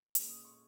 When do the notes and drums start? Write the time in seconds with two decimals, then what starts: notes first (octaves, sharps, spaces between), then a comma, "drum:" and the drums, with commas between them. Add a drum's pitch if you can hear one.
0.15 A#2 G#3 C#4, drum: hi-hat
0.30 D#6
0.45 C#6